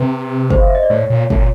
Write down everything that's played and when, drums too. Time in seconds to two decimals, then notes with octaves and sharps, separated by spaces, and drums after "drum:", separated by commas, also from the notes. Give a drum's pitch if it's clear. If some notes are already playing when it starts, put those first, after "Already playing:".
Already playing: C3 B4
0.50 C5, drum: kick
0.60 F5
0.68 E5
0.75 D#5
0.83 D5
0.90 A2 C#5
1.10 A#2
1.30 A2, drum: kick
1.38 A#2